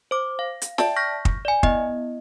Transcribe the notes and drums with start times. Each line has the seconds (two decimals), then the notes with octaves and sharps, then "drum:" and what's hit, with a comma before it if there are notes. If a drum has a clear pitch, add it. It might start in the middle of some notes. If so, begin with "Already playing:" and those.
0.11 C5 D6
0.39 F5
0.62 drum: hi-hat
0.78 D5 E5 G5 A5, drum: snare
0.96 C#6 F6 G6 A#6 B6
1.25 drum: kick
1.45 D5 G#5
1.63 B3 E4 D#5, drum: kick